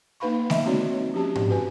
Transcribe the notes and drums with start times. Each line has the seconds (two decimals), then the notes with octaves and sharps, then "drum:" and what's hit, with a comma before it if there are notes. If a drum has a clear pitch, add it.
0.20 A#3 D#4 B4 F5 B5 C#6
0.50 D#5 E5, drum: snare A3
0.65 G#3 C4 D#4 F#4 C#5 D5
1.14 F3 C#4 G4 A5
1.35 D5, drum: tom G#2
1.49 F#4 B4 G#5